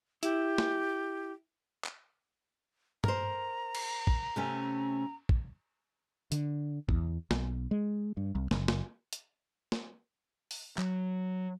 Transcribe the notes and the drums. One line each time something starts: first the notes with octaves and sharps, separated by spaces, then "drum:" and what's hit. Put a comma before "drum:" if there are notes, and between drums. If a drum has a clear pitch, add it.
E4 G4, drum: hi-hat
drum: snare
drum: clap
A#4 C5 A#5, drum: tom G2
drum: cymbal
drum: kick
C3 A3 C#4
drum: kick
D3, drum: hi-hat
E2, drum: kick
B1, drum: snare
G#3
G2
C2
F#1, drum: snare
drum: snare
drum: hi-hat
drum: snare
drum: open hi-hat
F#3, drum: clap